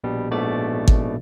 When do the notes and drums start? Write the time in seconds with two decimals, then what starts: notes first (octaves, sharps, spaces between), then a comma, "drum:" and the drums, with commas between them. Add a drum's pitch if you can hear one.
0.04 A#1 B2 G3
0.30 A#1 G#2 B2 A3 D5 A6
0.88 drum: kick